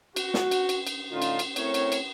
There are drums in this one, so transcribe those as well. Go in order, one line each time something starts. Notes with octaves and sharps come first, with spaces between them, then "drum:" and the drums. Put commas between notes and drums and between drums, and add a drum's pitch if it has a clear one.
F#4, drum: cymbal
drum: snare
drum: cymbal
drum: cymbal
drum: cymbal
A2 D3 C#4 D#4 F4
drum: cymbal
drum: cymbal
A3 C4 E4 A#4 C#5, drum: cymbal
drum: cymbal
drum: cymbal